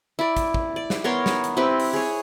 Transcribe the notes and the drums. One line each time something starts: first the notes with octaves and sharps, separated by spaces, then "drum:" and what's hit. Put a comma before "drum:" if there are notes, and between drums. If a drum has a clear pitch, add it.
E4 D5
drum: kick, hi-hat
drum: kick
D5
drum: snare
B3 A#4 C#5 C6
drum: snare
drum: hi-hat
C4 E4 G4 B4
drum: open hi-hat
G#4 C#5